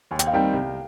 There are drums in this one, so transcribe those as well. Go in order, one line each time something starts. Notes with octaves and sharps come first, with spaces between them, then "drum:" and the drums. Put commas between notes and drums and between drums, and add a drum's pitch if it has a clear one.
D#2 G#5
G5, drum: hi-hat
F5
D#3 G3 C4 D#4 G5
C2